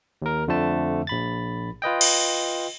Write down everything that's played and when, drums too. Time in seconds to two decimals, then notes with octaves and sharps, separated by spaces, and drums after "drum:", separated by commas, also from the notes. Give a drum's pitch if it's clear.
0.22 D#2 A#4
0.47 F2 D3 F3 A3 A5
1.07 A#1 B5 A6
1.82 F4 B4 D#5 G5
2.01 drum: cymbal